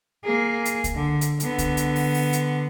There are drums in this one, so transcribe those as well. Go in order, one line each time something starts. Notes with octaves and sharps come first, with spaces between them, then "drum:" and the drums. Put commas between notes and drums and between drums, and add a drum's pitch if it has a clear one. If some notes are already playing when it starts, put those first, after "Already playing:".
A#3 G#4
drum: hi-hat
drum: kick C2, hi-hat
D3
drum: hi-hat
D3 B3, drum: hi-hat
drum: kick C2, hi-hat
drum: hi-hat
drum: open hi-hat
drum: open hi-hat
drum: hi-hat